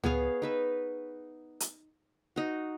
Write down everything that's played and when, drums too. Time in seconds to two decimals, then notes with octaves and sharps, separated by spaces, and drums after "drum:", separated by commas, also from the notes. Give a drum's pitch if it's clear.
0.04 B3 G#4 C#5 F5, drum: tom C#2
0.42 D#4 B4 E5
1.60 drum: hi-hat
2.36 D#4 F#4